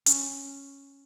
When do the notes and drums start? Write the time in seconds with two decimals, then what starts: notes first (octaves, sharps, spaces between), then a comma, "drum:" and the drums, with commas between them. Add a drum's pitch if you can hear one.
0.06 C#4, drum: hi-hat